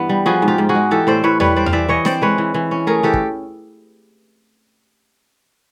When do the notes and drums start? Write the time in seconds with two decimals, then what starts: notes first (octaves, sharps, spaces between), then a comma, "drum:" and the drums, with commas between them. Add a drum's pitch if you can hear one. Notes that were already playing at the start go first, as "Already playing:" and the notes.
Already playing: G2 E3 B3
0.09 G3
0.26 F3 F#4 G#4
0.42 G#2
0.48 F4 G4
0.58 G#2
0.69 F#4 G#4
0.75 G#3
0.91 E3 G4 A4
1.07 A2 C5 D5
1.24 A2 B4 C#5
1.40 G3 B4 C#5, drum: tom E2
1.56 G3 C5 D5
1.66 F5, drum: tom E2
1.73 E3 D5 E5
1.88 E3 C#5 D#5
2.05 C4 C5 D5, drum: snare
2.22 G#3 B4 C#5
2.38 E3
2.54 E3
2.71 C#4
2.87 A3 G#4 A#4
3.03 E3 G4 A4
3.13 drum: kick